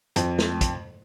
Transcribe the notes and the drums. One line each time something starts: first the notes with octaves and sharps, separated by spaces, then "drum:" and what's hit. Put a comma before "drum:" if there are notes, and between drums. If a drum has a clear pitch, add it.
F2, drum: hi-hat
drum: snare
drum: kick, hi-hat